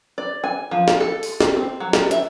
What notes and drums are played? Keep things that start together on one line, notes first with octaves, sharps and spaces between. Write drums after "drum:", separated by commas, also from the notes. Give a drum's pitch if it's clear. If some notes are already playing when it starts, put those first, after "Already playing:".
D5
G#5
F3
drum: snare
A4
drum: open hi-hat
drum: snare
C4
F#3
drum: snare
E5, drum: hi-hat